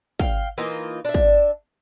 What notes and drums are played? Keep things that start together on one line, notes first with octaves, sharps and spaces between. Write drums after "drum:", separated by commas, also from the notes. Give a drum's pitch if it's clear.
F5 G5, drum: kick
E3 A#3 D#4 F4
D4 E5
drum: kick